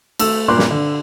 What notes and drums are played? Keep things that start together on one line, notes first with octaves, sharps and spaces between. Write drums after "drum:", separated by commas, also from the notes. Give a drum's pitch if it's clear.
A3 E6, drum: cymbal
G2 A#2 A#3 C6 D6 F#6
drum: snare
D3